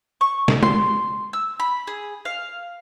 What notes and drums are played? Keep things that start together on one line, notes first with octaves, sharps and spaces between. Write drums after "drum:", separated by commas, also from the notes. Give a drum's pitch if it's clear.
C#6
drum: snare
C6, drum: tom G#3
E6
B5
G#4
F5